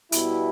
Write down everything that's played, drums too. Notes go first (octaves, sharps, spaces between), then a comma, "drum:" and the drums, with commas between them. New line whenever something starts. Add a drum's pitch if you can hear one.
B2 G3 E4, drum: hi-hat